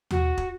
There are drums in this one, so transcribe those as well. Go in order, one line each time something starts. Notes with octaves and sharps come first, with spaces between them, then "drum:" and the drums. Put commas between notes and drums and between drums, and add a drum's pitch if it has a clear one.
F#4, drum: tom D#2
drum: kick